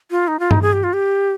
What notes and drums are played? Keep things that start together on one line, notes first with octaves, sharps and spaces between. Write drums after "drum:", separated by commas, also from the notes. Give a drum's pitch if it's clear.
F4
D#4
F4
D#4, drum: tom G2
G#4
G4
F4
G4